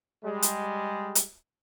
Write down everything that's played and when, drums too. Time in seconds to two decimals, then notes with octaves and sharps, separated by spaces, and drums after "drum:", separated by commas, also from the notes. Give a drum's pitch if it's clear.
0.24 G3 G#3
0.42 drum: hi-hat
1.15 drum: hi-hat